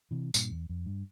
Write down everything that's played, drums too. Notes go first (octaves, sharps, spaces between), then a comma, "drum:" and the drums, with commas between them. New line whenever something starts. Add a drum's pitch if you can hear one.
C3 E3
G2 A#2, drum: tambourine
E2
F2
G2